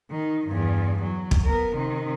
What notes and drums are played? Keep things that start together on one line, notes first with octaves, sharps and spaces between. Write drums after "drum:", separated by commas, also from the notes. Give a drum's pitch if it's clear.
D#3
E2 G2
F#3
drum: kick
B3 A#4
C3 D#3